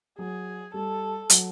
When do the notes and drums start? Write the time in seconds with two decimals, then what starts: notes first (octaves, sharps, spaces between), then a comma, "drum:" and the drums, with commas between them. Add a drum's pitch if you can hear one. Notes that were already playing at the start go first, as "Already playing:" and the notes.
0.19 F#3 G#4
0.74 G3 A4
1.30 F#3, drum: hi-hat